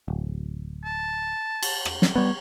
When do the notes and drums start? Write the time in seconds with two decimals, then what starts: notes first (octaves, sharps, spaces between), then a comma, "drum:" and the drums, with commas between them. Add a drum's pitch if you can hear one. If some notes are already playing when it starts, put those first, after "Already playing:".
0.08 D1
0.85 A5
1.63 drum: cymbal
1.85 drum: rim click
2.02 drum: snare
2.16 G3 B3 C#5